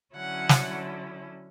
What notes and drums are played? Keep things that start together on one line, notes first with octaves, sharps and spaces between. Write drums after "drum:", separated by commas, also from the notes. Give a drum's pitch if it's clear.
D3 F#3 C#4 E4 F#5
drum: snare